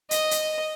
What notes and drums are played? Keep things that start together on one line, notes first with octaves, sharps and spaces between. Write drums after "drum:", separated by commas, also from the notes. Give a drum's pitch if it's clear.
D#5, drum: hi-hat
drum: hi-hat